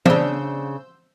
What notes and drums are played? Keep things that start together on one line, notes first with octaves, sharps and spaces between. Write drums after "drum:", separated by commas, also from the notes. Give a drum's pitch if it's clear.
C#3 D4 C5 E6 G6, drum: tom